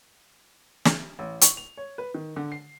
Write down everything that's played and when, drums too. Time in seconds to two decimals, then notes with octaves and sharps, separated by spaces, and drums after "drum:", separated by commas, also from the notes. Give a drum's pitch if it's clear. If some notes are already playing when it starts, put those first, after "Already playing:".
0.85 drum: snare
1.19 A1
1.41 C#6, drum: hi-hat
1.57 F7
1.77 C#5
1.98 B4
2.14 D#3
2.36 D3
2.52 C7